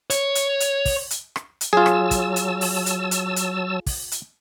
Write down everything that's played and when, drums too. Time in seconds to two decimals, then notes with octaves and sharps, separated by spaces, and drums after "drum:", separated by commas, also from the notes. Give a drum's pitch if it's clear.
0.10 C#5, drum: hi-hat
0.35 drum: hi-hat
0.60 drum: hi-hat
0.85 drum: kick, open hi-hat
1.11 drum: hi-hat
1.36 drum: rim click
1.61 drum: hi-hat
1.73 F#3 F4 G#4 A5 E6
1.86 drum: rim click
2.11 drum: kick, hi-hat
2.36 drum: hi-hat
2.61 drum: open hi-hat
2.86 drum: hi-hat
3.11 drum: hi-hat
3.36 drum: hi-hat
3.86 drum: kick, open hi-hat
4.12 drum: hi-hat